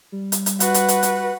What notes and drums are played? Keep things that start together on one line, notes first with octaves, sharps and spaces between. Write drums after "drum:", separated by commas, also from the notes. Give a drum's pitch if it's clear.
G3
drum: hi-hat
drum: hi-hat
F#4 B4, drum: hi-hat
drum: hi-hat
drum: hi-hat
drum: hi-hat